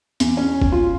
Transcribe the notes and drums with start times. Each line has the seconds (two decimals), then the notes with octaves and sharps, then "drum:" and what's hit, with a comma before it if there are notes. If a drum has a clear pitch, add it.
0.20 E2, drum: hi-hat
0.37 C#4
0.62 drum: kick
0.72 F4